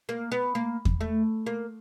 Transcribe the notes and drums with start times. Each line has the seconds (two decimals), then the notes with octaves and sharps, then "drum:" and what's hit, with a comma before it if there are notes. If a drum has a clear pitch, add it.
0.09 A#3
0.32 B3
0.55 A#3
0.85 drum: kick E2
1.01 A3
1.46 A#3